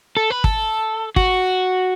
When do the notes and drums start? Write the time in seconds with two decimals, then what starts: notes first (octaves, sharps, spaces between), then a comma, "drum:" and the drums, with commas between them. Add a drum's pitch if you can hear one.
0.17 A4
0.30 B4
0.44 A4, drum: kick
1.16 F#4, drum: kick